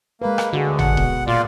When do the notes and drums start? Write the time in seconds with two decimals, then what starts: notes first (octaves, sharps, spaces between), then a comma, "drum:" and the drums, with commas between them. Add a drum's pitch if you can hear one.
0.22 G#3 A#3 B4
0.38 drum: rim click
0.53 D3 F#4 G#4
0.66 D2
0.79 F#5, drum: tom G#1
0.97 B2 B3, drum: kick D#1
1.27 A#2 F4 D5